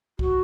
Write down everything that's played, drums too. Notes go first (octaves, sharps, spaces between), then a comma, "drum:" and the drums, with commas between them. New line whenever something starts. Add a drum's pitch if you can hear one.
F#4, drum: kick B1